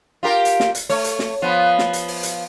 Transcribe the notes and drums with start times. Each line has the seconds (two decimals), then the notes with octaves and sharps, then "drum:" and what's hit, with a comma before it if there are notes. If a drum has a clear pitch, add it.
0.23 F4 G4 A#4
0.45 drum: hi-hat
0.60 drum: snare
0.75 drum: hi-hat
0.89 A3 C#5, drum: open hi-hat
1.04 drum: hi-hat
1.19 drum: snare
1.42 F3 B3
1.78 drum: snare
1.93 drum: hi-hat
2.08 drum: open hi-hat
2.23 drum: hi-hat